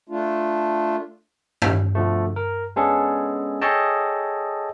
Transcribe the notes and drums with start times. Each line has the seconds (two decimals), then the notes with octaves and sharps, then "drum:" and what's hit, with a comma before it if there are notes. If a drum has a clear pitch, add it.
0.09 A3 D4 F4
1.62 drum: tom G2
1.95 B2 D3 F3 A3
2.36 A#4
2.76 G#3 B3 C#4 D4 G#4 A4
3.62 G#4 A4 C#5 D#5 G5 A5